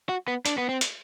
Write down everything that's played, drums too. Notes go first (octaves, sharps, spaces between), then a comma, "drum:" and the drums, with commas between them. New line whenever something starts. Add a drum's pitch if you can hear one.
F#4
B3
D4, drum: hi-hat
B3
C4
drum: hi-hat